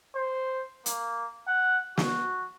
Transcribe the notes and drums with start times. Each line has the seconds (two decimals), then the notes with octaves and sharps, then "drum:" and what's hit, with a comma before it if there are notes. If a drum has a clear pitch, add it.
0.15 C5
0.86 A#3, drum: hi-hat
1.48 F#5
1.97 F#4, drum: snare